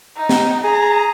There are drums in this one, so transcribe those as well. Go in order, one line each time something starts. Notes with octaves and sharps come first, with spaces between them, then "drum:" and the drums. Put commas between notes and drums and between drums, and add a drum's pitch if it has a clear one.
D#4
drum: snare
G#4 A#5